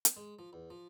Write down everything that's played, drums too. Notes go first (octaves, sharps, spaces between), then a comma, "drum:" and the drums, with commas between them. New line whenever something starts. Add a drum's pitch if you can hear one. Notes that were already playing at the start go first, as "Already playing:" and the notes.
drum: hi-hat
G#3
F3
E2
F3